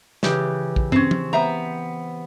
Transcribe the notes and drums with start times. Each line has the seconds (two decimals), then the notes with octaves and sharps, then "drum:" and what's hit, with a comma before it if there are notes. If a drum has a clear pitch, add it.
0.23 C#3 E3 G4, drum: snare
0.76 drum: kick A#1
0.92 C4 C#4, drum: tom
1.11 drum: tom
1.33 B3 C4 E5 A#5